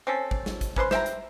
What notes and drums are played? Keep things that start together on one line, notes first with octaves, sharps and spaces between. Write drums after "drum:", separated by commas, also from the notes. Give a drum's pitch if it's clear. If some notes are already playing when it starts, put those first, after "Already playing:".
C4 C#4 A4
drum: kick
drum: snare
drum: kick, hi-hat
C#4 B4 C5 C6, drum: kick
C5 E5 G5 A#5, drum: snare
drum: hi-hat